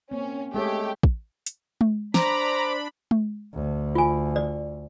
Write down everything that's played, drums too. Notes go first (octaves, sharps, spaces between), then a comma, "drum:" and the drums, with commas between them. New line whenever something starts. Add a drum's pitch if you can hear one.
A#3 C4 C#4
G#3 A3 G4 G#4 C#5
drum: kick
drum: hi-hat
drum: tom G#3
D4 C5 A#5 B5 D6, drum: snare
drum: tom G#3
D2
F4 G#5
D5